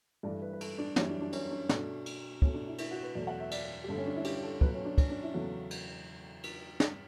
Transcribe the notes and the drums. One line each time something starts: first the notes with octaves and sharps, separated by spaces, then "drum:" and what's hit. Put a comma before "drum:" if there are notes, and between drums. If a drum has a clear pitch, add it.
G2 E3 A3 D5
B4
B4
A4, drum: cymbal
D4
F#2 E3 G3 C#4, drum: snare
D4
D4
C#4, drum: cymbal
D4
B2 A3 D4, drum: snare
drum: cymbal
B2 A3 C#4, drum: kick
D4
E4
E4, drum: cymbal
F#4
B4
E2 B2 F#3 A3 D5
F#5
E5
D5, drum: cymbal
G4
G2 D3 A3 A4
C#4
D4
E4
G4, drum: cymbal
A4
B2 F#3 A3 B4, drum: kick
C#4
D4
C#4, drum: kick, cymbal
D4
E4
E2 C#3 F#3 A3 F#4
drum: cymbal
drum: cymbal
drum: snare